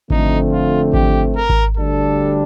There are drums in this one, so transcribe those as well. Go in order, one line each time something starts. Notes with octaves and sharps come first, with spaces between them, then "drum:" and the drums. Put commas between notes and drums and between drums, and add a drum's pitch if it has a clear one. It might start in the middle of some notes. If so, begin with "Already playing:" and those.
F2 D3 A3 C4 D#4, drum: kick G#1
F4
G4, drum: kick G#1
A#4
drum: kick G#1
D2 D3 G3 D4 A4